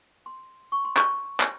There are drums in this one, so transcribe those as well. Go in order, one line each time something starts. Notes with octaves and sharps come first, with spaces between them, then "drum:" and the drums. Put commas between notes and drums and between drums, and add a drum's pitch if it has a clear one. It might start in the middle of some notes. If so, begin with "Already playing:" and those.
C6
C#6
C6
C#6, drum: clap
drum: clap